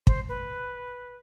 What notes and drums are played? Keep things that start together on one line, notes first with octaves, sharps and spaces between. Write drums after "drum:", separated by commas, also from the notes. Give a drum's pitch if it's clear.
C5, drum: kick
B4